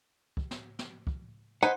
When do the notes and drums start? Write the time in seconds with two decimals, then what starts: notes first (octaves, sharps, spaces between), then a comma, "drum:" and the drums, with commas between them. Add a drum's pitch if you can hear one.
0.37 drum: kick
0.51 drum: snare
0.79 drum: snare
1.07 drum: kick
1.63 D#4 B4 C5 F#5 G#5